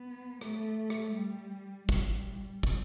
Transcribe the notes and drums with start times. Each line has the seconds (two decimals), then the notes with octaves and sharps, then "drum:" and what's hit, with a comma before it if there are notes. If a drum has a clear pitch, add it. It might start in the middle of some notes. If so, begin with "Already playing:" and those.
Already playing: B3
0.41 A3, drum: rim click
0.90 drum: rim click
1.14 G3
1.89 G3, drum: kick
2.63 drum: kick